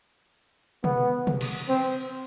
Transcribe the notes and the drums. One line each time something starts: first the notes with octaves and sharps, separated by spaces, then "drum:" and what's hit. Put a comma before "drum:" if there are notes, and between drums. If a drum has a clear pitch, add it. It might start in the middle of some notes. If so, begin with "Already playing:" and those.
B3, drum: tom
drum: tom
drum: cymbal
C4